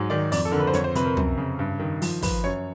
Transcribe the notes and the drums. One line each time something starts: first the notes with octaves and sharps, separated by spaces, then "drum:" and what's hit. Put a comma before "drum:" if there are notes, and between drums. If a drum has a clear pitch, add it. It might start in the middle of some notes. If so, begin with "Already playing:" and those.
Already playing: G#2 F#3
D#3 D5
F2 D5, drum: open hi-hat
A4
D3 A#4
B4
C5
F2 C#5, drum: hi-hat
C5
C3 B4, drum: hi-hat
A#4
F#2, drum: tom
C#3
G2
D#3
F3, drum: open hi-hat
F3 B4, drum: kick, open hi-hat
F#2 C#5